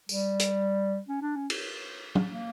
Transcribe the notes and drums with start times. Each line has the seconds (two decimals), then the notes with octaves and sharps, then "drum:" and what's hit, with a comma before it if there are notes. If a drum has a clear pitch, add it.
0.09 G3, drum: tambourine
0.39 drum: hi-hat
1.08 C#4
1.22 D4
1.35 C#4
1.50 drum: cymbal
2.15 drum: tom
2.28 A#3